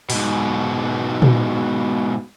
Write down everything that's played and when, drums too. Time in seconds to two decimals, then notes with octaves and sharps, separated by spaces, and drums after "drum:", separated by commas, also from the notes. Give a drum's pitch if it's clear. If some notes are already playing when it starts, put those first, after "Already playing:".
0.10 G#2 B2, drum: open hi-hat
1.22 drum: tom A#2